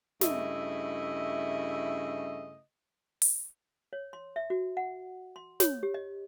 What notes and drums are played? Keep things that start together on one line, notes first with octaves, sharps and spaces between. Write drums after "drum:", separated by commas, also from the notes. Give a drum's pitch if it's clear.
G2 C#3 A3 E4 D#5 E5, drum: snare
drum: open hi-hat
C#5
C6
E5
F#4
F#5
C6
C#5, drum: snare
G4
D#5